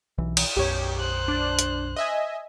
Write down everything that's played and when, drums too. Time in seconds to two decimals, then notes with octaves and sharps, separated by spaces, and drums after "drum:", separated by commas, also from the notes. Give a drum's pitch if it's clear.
0.18 B1 E3
0.37 drum: cymbal
0.57 B1 F#2 G4 C#5
1.00 C5 F#6
1.28 D4
1.59 drum: hi-hat
1.96 D#5 E5 G#5